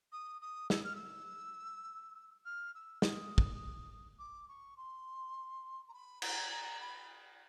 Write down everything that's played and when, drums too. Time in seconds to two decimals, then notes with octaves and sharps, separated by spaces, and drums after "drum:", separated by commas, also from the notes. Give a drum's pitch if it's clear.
0.12 D#6
0.41 D#6
0.70 E6, drum: snare
0.83 F6
0.95 E6
2.45 F6
2.74 E6
3.02 D#6, drum: snare
3.38 drum: kick
4.18 D6
4.48 C#6
4.76 C6
5.88 A#5
5.93 B5
6.22 A#5, drum: cymbal
6.51 A#5
6.80 B5